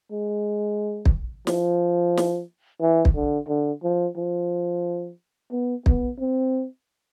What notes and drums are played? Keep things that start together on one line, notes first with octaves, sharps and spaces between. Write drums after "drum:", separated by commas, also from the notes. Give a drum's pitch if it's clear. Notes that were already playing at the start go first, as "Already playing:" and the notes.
G#3
drum: kick
F3, drum: snare
drum: snare
E3
drum: kick
D3
D3
F3
F3
B3
B3, drum: kick
C4